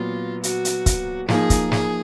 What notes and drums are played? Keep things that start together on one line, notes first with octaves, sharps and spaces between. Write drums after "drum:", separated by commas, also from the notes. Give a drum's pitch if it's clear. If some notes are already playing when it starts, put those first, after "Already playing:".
Already playing: A#2 F#3 B3 F4
F#4, drum: hi-hat
drum: hi-hat
drum: kick, hi-hat
F3 A#3 D#4 G#4, drum: snare
drum: kick, hi-hat
G#4, drum: snare